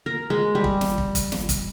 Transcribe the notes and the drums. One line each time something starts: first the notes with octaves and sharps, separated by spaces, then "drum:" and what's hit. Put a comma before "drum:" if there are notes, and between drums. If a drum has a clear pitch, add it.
A#4
G#3
G3
drum: kick
drum: snare
drum: kick
drum: kick, hi-hat
drum: snare
drum: kick, hi-hat